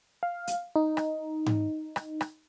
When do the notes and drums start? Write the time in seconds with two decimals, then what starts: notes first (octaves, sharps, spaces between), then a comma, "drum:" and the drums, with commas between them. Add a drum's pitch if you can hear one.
0.23 F5
0.47 drum: hi-hat
0.76 D#4
0.97 drum: rim click
1.46 drum: tom G#2
1.96 drum: rim click
2.21 drum: rim click